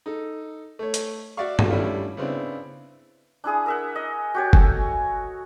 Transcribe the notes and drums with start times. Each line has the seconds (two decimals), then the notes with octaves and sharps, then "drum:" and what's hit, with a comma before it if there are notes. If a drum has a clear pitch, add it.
0.06 D#4 A4
0.79 A3 C#5
0.94 drum: hi-hat
1.37 F#4 D5 E5 F5 C#6
1.59 drum: tom G2
1.69 G3 A3 C#4 D4 E4 F4
2.17 C#3 B3 C4 D4 E4
3.44 D4 E4 G#4 D#6
3.66 A#4 E5 F#5
3.95 D#5
4.34 F#4 G4 C#5
4.53 A4 G#5, drum: kick F#1